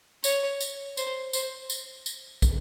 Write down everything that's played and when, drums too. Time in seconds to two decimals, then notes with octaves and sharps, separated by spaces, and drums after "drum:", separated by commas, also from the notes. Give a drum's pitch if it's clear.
0.24 C#5, drum: tambourine
0.60 drum: tambourine
0.97 C5, drum: tambourine
1.33 C5, drum: tambourine
1.70 drum: tambourine
2.06 drum: tambourine
2.42 drum: kick, tambourine